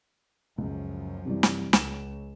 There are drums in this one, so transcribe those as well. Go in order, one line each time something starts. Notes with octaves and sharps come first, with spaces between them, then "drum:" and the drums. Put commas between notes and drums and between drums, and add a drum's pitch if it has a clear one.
C#2 F#2 F3
C3 E3 G3
drum: snare
C#2 E7, drum: snare